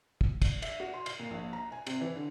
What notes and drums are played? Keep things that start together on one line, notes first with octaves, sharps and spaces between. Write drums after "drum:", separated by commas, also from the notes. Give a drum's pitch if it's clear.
drum: kick
drum: kick, cymbal
E5, drum: cymbal
F#4
C6
C7, drum: cymbal
A#2
A#1
A#5
G#5
C3, drum: cymbal
E3
D3